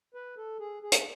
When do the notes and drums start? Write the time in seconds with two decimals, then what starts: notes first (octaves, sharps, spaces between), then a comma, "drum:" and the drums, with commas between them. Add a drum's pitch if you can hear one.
0.14 B4
0.37 A4
0.59 G#4
0.83 G#4
0.92 drum: hi-hat